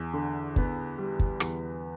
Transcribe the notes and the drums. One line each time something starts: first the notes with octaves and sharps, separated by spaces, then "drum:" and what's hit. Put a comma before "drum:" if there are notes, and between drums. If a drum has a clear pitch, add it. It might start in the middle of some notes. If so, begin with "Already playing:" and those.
Already playing: E2
D3
B3, drum: kick
G3
drum: kick
E2, drum: rim click